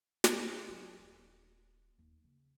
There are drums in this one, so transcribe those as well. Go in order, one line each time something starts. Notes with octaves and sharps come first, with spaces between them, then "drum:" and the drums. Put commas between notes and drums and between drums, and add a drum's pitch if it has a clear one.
D#2 C3, drum: snare
D3 F#3
D#1
D#2
C#3